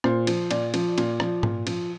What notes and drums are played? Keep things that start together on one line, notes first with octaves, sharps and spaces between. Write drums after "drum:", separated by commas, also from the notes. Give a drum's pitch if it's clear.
A#2 C5, drum: rim click
F3, drum: cymbal
A#2 D5, drum: cymbal
F3, drum: cymbal
A#2, drum: cymbal
F3, drum: rim click
A#2, drum: tom G#2
F3, drum: cymbal